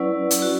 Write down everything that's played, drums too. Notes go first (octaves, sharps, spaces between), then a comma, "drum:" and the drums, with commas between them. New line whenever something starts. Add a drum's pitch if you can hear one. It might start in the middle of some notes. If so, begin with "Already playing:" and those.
Already playing: F#3 C#4 E4 B4 D5
drum: hi-hat
F#4